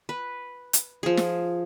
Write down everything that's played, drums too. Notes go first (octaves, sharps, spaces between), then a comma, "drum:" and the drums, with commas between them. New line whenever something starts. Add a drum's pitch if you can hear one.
B4
drum: hi-hat
F3 G#4
drum: snare